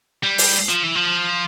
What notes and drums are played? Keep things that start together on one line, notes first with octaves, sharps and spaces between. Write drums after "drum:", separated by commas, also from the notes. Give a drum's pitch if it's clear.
G3
drum: open hi-hat
F3
E3
F3